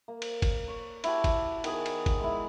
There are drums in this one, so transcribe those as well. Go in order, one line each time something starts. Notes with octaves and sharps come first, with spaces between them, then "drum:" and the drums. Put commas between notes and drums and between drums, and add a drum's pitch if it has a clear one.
A#3
drum: cymbal
drum: kick G1, cymbal
C#5
E4 F#4 G4 A5, drum: cymbal
drum: kick G1, cymbal
D#3 B3 G#4, drum: cymbal
drum: cymbal
drum: kick G1, cymbal
G#3 E4